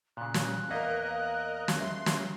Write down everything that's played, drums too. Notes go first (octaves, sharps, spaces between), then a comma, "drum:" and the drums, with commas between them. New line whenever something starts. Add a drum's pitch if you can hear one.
A#2 C#3 F#6
drum: snare
E2 A#3 B3 A#4 D#5 F5
F5
drum: snare
E5 C6
drum: snare